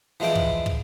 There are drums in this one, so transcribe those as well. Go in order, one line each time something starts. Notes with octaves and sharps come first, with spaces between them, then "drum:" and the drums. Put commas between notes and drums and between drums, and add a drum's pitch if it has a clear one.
E3 F3 G#3 E4 G5
drum: kick
drum: kick